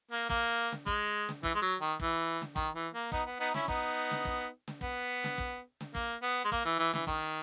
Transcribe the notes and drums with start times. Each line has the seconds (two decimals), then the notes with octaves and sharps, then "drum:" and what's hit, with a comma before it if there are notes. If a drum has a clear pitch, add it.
0.11 A#3
0.30 A#3, drum: kick
0.72 drum: snare
0.87 G#3, drum: kick
1.29 drum: snare
1.43 E3, drum: kick
1.55 G#3
1.62 F#3
1.81 D#3
2.00 E3, drum: kick
2.42 drum: snare
2.56 D#3, drum: kick
2.75 E3
2.94 A#3
3.12 B3 D#4, drum: kick
3.26 B3
3.40 B3 D#4
3.54 C#4 E4, drum: snare
3.68 B3 D#4, drum: kick
4.11 drum: snare
4.25 drum: kick
4.68 drum: snare
4.81 B3, drum: kick
5.24 drum: snare
5.38 drum: kick
5.81 drum: snare
5.95 A#3, drum: kick
6.23 B3
6.45 G#3
6.52 A#3, drum: kick
6.65 E3
6.79 E3
6.93 E3, drum: snare
7.07 D#3, drum: kick